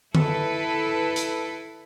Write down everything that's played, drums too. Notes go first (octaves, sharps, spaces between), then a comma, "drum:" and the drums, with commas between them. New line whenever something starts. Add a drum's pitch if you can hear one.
E4 A4 B4, drum: tom D3
drum: hi-hat